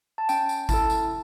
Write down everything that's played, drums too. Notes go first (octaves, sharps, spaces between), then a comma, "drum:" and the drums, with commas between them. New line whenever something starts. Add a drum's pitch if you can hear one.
A5
C#4 G5, drum: tambourine
drum: tambourine
E4 A4 A5, drum: kick G#1, tambourine
drum: tambourine